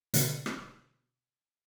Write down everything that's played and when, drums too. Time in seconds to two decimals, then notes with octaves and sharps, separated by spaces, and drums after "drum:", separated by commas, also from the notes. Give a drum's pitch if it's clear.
0.14 B2 D3, drum: hi-hat
0.46 drum: rim click